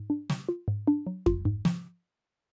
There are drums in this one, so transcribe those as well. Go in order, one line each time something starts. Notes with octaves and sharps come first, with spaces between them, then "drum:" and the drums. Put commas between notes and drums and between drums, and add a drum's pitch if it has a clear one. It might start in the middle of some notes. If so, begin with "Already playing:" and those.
Already playing: G#2
D4
F#3, drum: snare
F4
G#2
D4
F#3
F4, drum: kick F2
G#2
F3, drum: snare